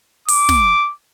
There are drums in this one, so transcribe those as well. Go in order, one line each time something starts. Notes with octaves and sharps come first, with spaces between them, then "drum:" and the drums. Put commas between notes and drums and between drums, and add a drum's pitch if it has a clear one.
D6, drum: open hi-hat
drum: snare